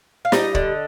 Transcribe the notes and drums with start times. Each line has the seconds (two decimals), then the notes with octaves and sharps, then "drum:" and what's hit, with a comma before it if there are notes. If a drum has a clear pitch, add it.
0.25 F5
0.32 G3 D#4 D#5, drum: snare
0.55 D3, drum: kick